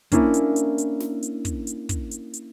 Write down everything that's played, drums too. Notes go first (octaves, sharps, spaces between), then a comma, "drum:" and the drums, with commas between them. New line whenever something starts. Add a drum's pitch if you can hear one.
A#3 C#4 D4 E4 A#4, drum: kick, hi-hat
drum: hi-hat
drum: hi-hat
drum: hi-hat
drum: snare
drum: hi-hat
drum: kick, hi-hat
drum: hi-hat
drum: kick, hi-hat
drum: hi-hat
drum: hi-hat